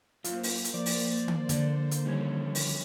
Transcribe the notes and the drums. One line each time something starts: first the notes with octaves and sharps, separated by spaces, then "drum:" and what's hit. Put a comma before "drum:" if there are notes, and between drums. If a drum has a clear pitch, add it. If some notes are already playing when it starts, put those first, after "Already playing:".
F#2 A#3 F4 C5, drum: hi-hat
drum: open hi-hat
drum: hi-hat
F3 D5
drum: open hi-hat
drum: tom D#3
D3, drum: hi-hat
drum: hi-hat
F2 D#3 G3 C#4 G#6
drum: open hi-hat